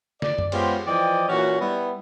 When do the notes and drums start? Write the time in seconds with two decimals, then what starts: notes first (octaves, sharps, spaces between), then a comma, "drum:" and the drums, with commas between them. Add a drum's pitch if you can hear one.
0.22 D5, drum: snare
0.38 drum: tom F#2
0.52 G#3 B3 C#4 F4 G4 C5, drum: cymbal
0.87 E3 F3 D5 D#5 G5
1.29 A#2 E3 C#4 F#4
1.60 G3 B3 E4